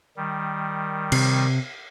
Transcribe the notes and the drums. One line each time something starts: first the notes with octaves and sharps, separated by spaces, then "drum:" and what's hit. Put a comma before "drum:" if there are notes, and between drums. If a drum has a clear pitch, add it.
D#3 G3
C3, drum: cymbal